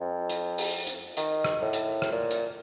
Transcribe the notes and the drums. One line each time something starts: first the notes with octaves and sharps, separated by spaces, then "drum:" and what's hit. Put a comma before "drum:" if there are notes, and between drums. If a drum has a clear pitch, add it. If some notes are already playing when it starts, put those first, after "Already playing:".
F2
drum: hi-hat
drum: open hi-hat
drum: hi-hat
D#3, drum: hi-hat
drum: rim click
A2
drum: hi-hat
drum: rim click
A#2
drum: hi-hat